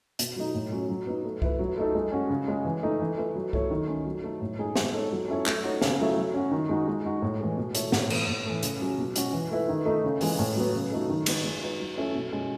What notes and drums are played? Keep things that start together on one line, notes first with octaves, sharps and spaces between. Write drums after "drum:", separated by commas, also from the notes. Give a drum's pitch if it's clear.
B2, drum: hi-hat
F#3 A3 D#4
A2
F#3 C#4
F#3
B3 D#4
A3
E4 B4, drum: kick C2
F#3
A3 D#4 A4
G#3
C#4 F#4
C#3
G#3 C#4
E3
A3 D#4
E3
A3 E4 B4
F#3
A3 E4 A4 C#5, drum: kick C2
D#3
A3 C#4
F#3
A3 D#4 A4
A2
G#3 D#4 G#4
G#3, drum: snare
D#4 A4 C#5
F#3
C#4 E4 A4 C#5
A3, drum: clap
D#4 F#4 C#5
C#3, drum: snare
F#3 A3 E4
F#3
C#4 F#4
D#3
G#3 D#4 F#4
G#3
D#4 F#4
A2
E3 G#3
B2
A3 E4 A4 C#5, drum: hi-hat
A2, drum: snare
E3 B3, drum: cymbal
A2
E3 A3
C#3, drum: hi-hat
F#3 C#4 G#4
B2
G#3 C#4 F#4, drum: hi-hat
E3
A3 E4 B4
D#3
A3 D#4
C#3
E3 G#3, drum: open hi-hat
A2
F#3 B3
C#3
F#3 A3 D#4 A4
D#3
G#3 B3 F#4 B4, drum: cymbal
G#3
D#4 F#4 B4
F#3
A3 C#4 E4 A4
B2
G#3 C#4 G#4